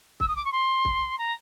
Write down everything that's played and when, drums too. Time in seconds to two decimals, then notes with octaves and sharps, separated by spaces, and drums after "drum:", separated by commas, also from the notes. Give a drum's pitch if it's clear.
0.20 E6, drum: kick
0.28 D#6
0.36 D6
0.45 C#6
0.52 C6
0.85 drum: kick
1.18 A#5